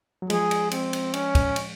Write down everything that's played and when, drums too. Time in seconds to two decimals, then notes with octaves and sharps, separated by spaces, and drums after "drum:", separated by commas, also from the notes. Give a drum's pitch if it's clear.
0.22 F#3
0.30 F3 G#3 G#4, drum: cymbal
0.51 drum: cymbal
0.71 C4, drum: cymbal
0.93 drum: cymbal
1.14 C#4, drum: cymbal
1.35 drum: kick, cymbal
1.56 drum: cymbal